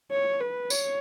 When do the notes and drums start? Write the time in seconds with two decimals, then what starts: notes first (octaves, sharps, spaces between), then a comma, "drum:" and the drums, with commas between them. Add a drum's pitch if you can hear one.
0.11 C#5
0.40 B4
0.70 C#5, drum: tambourine